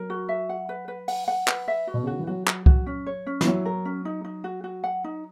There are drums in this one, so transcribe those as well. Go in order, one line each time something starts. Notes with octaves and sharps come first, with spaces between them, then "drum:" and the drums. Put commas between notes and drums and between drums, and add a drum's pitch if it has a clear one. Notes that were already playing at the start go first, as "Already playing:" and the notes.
Already playing: F#3 A#4
F#4
E5
F#5
B4
B4
F#5, drum: open hi-hat
F#5
B4, drum: clap
E5
F#4
B2
C#3
D#3 F#4
E3
F#3 F#4
F#4, drum: clap
F#4, drum: kick C2
C#4
C#5
C#4
E3, drum: snare
F#3 E4
A#4
C#4
D#4
D#4
F#4
F#4
F#5
D#4